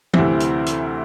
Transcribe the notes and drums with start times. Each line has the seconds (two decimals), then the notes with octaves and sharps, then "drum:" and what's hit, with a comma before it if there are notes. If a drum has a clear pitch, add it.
0.14 D2 C3 E3 C4 E4, drum: tom E3
0.40 drum: hi-hat
0.66 drum: hi-hat